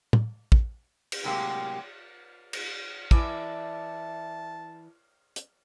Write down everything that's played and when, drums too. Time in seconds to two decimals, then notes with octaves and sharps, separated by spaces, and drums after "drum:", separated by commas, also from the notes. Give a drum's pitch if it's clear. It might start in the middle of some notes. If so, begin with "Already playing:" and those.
0.13 drum: tom
0.52 drum: kick
1.12 drum: cymbal
1.24 A2 C3 F#3 G#3 A#3 G4
2.53 drum: cymbal
3.11 E3 D5 E5 A5, drum: kick
5.36 drum: hi-hat